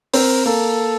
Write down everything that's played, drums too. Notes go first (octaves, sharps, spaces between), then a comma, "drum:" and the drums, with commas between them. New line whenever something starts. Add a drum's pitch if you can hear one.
C4 A#4, drum: open hi-hat
A#3 A4